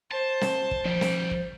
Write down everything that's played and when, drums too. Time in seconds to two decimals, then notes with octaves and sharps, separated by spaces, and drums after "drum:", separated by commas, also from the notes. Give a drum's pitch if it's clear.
0.12 C5 A5
0.41 drum: snare
0.71 drum: kick
0.85 D#3 F3 G3
1.01 drum: snare
1.31 drum: kick